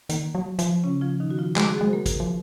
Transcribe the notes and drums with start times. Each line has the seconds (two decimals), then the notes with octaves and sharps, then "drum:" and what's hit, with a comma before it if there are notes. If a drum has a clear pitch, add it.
0.09 D#3 A#3, drum: hi-hat
0.35 F#3
0.59 F3, drum: hi-hat
0.83 C#3 C#4
1.01 F3 F4
1.20 D#3 D#4
1.31 F#4
1.38 F3 F4
1.56 G#3 F#4, drum: clap
1.67 G#4
1.78 F#3 G#3 F#4
1.87 C5
1.93 A#3 A#4
2.06 drum: kick, hi-hat
2.20 F3